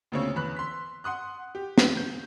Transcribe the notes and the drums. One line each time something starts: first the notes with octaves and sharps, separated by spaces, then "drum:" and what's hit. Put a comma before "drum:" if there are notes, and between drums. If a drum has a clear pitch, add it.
D2 A#2 C#3 C4 C#5 E6
E2 B5 F#6
C6 B6
F#5 C6 D#6 F#6
G4
drum: snare
G6